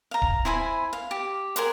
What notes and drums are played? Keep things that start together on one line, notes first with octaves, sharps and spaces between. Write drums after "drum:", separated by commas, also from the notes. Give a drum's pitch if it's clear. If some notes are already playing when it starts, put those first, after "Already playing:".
F5 A#5
drum: kick D1
E4 C5 G#5 B5
F5
G4
G#4 A#4 C5 F#5, drum: hi-hat